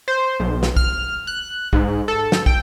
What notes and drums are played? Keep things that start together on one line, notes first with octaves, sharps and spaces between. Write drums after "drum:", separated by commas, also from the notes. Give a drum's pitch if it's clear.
C5
B1
drum: snare
F6, drum: kick
F#6
G#2, drum: kick
A4
drum: snare
G5, drum: kick